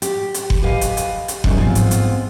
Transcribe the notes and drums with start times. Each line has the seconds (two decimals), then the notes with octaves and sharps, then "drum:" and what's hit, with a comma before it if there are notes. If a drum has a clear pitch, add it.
0.02 G4, drum: hi-hat
0.34 drum: hi-hat
0.50 drum: kick F#1
0.62 G4 B4 D#5 F5 G#5
0.81 drum: hi-hat
0.97 drum: hi-hat
1.28 drum: hi-hat
1.44 F#2 C3 D#3 G3 G#3, drum: kick F#1
1.57 G#2 F3 G#3 B3 C4 F4
1.75 drum: hi-hat
1.91 drum: hi-hat